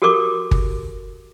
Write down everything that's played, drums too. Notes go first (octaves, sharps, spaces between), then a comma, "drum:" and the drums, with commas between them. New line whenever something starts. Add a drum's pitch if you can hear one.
F#4 G4 A4 A#4 C#6 D6
drum: kick G1